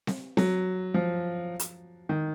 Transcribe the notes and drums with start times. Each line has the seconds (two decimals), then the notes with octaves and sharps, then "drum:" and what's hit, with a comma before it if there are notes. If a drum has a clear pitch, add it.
0.07 drum: snare C4
0.37 F#3, drum: snare C4
0.94 F3
1.59 drum: hi-hat
2.09 D#3